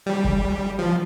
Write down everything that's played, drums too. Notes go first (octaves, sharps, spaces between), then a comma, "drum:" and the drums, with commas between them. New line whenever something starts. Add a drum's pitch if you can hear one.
G3
drum: kick
F3